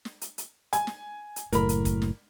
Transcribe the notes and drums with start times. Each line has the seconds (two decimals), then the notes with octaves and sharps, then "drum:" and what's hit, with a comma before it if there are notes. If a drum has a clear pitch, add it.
0.05 drum: snare
0.21 drum: hi-hat
0.38 drum: hi-hat
0.73 G#5, drum: hi-hat
0.87 drum: snare
1.36 drum: hi-hat
1.52 F#1 A2 A#4 B5, drum: hi-hat
1.69 drum: hi-hat
1.85 drum: kick, hi-hat
2.02 drum: snare